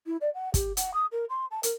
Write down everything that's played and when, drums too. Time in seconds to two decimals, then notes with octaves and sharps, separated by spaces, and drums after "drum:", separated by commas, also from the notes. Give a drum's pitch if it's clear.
0.06 E4
0.21 D5
0.34 F#5
0.54 G4, drum: kick, hi-hat
0.77 F#5, drum: hi-hat
0.94 D#6
1.12 A#4
1.29 C6
1.51 A5
1.63 A#4, drum: hi-hat